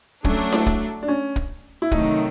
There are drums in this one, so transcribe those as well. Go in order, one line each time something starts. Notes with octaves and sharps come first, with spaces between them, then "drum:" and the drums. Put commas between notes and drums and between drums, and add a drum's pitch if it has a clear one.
F#3 A3 C#4 D4, drum: kick
drum: snare E4
drum: kick
D4
C#4
drum: kick
E4
C3 D#3 F#3 A3 D#4, drum: kick